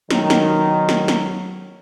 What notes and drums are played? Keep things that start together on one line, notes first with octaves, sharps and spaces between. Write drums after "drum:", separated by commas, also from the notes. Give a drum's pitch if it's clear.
B2 D#3 F#3, drum: snare
drum: snare
drum: snare
drum: snare